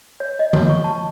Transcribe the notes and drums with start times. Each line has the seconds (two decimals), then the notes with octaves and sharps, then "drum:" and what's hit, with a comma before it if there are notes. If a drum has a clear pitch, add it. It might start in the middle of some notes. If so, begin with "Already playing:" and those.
0.20 C#5
0.39 D#5
0.53 C#5, drum: tom D3
0.69 C#6
0.84 A5